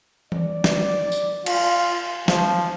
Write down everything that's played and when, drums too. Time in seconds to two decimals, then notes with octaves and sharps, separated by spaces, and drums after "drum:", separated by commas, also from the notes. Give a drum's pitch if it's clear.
0.32 D5, drum: tom E3
0.64 drum: snare
1.12 drum: tambourine
1.46 F4, drum: cymbal
2.28 F3, drum: snare